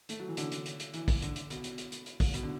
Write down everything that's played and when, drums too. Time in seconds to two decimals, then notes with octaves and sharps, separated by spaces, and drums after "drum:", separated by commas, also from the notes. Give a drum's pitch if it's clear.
0.09 A3, drum: hi-hat
0.20 F#3
0.28 E3
0.37 D3, drum: hi-hat
0.52 drum: hi-hat
0.66 drum: hi-hat
0.80 drum: hi-hat
0.94 E3, drum: hi-hat
1.08 drum: kick, open hi-hat
1.22 D3, drum: hi-hat
1.36 drum: hi-hat
1.50 B2, drum: hi-hat
1.64 drum: hi-hat
1.78 drum: hi-hat
1.92 drum: hi-hat
2.06 drum: hi-hat
2.20 drum: kick, open hi-hat
2.34 B2, drum: hi-hat
2.43 D3